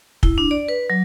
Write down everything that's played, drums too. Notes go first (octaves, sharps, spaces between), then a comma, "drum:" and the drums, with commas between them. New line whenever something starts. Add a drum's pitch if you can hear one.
E4, drum: kick
D4
D5
B4
F#3